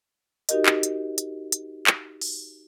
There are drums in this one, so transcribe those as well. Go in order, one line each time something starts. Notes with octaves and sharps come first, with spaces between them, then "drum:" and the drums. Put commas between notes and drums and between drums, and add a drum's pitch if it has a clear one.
D#4 F#4 G4 A#4 D#5, drum: hi-hat
drum: clap
drum: hi-hat
drum: hi-hat
drum: hi-hat
drum: clap
drum: open hi-hat